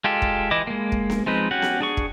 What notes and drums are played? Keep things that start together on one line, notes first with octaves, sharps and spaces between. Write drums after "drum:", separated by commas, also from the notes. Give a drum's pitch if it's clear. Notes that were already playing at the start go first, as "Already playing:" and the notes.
G#3 F4 G4 A4
drum: kick
E3 E4 D#5 D6
G#3 A#3
drum: kick
drum: snare B3
F3 G#3 C4 D#4 B4
C#4 F#4 G4 F#5
drum: snare B3
D4 G#4 C#6
drum: kick